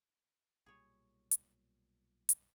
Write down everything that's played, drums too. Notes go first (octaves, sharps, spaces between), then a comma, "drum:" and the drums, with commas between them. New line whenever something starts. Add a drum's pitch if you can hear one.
B1 A#2 G3 G#4 C#5
drum: hi-hat
drum: hi-hat